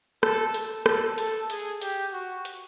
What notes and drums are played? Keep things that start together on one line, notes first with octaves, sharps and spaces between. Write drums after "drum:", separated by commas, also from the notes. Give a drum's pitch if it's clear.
A4, drum: rim click
drum: hi-hat
A4, drum: rim click
A4, drum: hi-hat
G#4, drum: hi-hat
G4, drum: hi-hat
F#4
drum: hi-hat